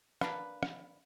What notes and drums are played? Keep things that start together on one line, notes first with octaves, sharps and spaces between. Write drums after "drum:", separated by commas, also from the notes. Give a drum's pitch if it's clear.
A#3 D4 B4, drum: rim click
drum: rim click